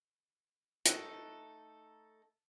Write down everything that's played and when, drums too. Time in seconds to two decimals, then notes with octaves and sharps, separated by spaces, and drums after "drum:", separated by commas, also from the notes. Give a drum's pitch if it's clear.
0.86 A3 D#4 A4 F#6, drum: hi-hat